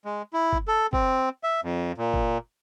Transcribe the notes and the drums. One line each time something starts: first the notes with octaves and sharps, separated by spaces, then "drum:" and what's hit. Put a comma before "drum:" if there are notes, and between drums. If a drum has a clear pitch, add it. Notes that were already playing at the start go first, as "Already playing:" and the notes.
G#3
E4
drum: kick
A4
C4, drum: kick
E5
F2
A#2
drum: kick